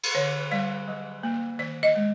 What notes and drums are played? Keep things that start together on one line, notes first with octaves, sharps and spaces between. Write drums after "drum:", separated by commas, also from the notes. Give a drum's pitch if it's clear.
drum: cymbal
D3 C#5
G3 D5
F#3
A#3
D#3 D5
D#5
G#3